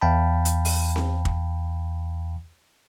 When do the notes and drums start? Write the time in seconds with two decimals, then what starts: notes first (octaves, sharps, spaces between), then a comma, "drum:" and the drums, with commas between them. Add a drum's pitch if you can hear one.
0.01 E2 F5 G5 A5 B5
0.45 drum: hi-hat
0.65 drum: open hi-hat
0.96 drum: snare C4
1.25 drum: kick